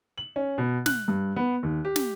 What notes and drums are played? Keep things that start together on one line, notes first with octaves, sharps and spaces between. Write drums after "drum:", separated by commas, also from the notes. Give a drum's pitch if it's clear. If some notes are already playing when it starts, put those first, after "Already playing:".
F#7
C#4
B2
F#6, drum: snare
G2
B3
D#2
G4
drum: snare